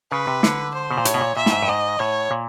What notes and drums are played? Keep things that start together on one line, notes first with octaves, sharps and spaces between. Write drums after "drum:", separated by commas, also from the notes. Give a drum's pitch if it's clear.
C#3 B4
C3
D3, drum: snare
C5
B2
A#2
A2 C#5, drum: hi-hat
B2
A#2
A#2 E5
A2, drum: snare
G#2
G2
G#2 D#5
A2 C#5
A#2